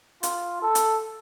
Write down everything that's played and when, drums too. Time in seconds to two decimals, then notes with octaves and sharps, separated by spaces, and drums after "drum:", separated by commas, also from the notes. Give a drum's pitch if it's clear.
0.23 F4, drum: hi-hat
0.62 A4
0.75 drum: hi-hat